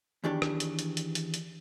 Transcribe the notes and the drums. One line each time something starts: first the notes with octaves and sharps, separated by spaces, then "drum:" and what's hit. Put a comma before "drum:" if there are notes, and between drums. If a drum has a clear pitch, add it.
E2 D#3 D4 G4 C#5
drum: rim click
drum: hi-hat
drum: hi-hat
drum: hi-hat
drum: hi-hat
drum: hi-hat